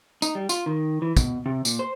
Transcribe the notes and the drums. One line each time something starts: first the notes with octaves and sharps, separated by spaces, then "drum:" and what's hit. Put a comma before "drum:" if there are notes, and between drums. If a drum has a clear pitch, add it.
D#4, drum: tambourine
G3
F4, drum: tambourine
D#3
E3
B2, drum: kick, tambourine
C3
A#2, drum: tambourine
C5